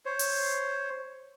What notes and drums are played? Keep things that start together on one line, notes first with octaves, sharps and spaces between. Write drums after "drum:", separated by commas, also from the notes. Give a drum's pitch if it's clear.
C5 C#5
drum: open hi-hat